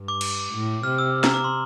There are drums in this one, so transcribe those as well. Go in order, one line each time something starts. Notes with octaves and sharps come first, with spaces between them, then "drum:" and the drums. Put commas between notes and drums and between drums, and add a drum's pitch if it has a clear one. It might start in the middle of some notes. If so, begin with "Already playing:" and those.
Already playing: G2
D6
drum: cymbal
A2
C3 F6
E6
A#5, drum: snare
D6
C6